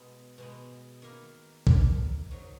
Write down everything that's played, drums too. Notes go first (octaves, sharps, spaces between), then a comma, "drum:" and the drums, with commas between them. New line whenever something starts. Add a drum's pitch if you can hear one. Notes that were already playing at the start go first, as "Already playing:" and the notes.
Already playing: B2 G#3 B3
B2 G#3 B3
D#3 A#3 E4
D#3 A#3 E4, drum: kick A#1
G#2 D#3 F#3